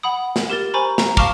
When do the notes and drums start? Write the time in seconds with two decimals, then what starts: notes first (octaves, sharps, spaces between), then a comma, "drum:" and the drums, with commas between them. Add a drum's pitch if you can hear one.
0.03 F#5 B5 D#6
0.36 drum: snare
0.50 G4 A#4 A6
0.74 C5 G#5 A#5 B5 C#6
0.98 A#5, drum: snare
1.17 F5 A5 C#6 D6 F6 F7, drum: kick